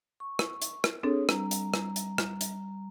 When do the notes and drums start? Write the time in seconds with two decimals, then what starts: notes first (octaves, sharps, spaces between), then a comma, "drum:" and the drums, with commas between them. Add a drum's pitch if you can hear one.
0.20 C#6
0.39 drum: rim click
0.62 drum: hi-hat
0.84 drum: rim click
1.03 C4 D4 G#4 A4 C#5 D#6
1.29 G3 A#5, drum: rim click
1.51 drum: hi-hat
1.74 drum: rim click
1.96 drum: hi-hat
2.18 drum: rim click
2.41 drum: hi-hat